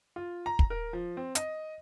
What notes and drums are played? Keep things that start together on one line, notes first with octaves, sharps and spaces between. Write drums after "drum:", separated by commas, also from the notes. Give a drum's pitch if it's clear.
F4
A#5
drum: kick
A#4
F3
C4
D#5, drum: hi-hat